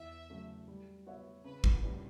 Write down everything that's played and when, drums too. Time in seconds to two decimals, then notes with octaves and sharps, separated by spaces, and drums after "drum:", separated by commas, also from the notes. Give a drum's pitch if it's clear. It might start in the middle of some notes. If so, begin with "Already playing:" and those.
Already playing: E2 E5
0.30 C#3 F#3 A3
0.68 G3
1.06 B3 F#4 C#5 E5
1.45 C#3 B4
1.64 drum: kick
1.83 E3 G3 C#4 E4